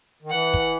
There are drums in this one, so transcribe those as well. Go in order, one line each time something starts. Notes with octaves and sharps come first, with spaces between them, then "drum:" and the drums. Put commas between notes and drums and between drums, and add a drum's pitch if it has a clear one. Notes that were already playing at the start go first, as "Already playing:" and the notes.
D#3
E3 F#5
drum: kick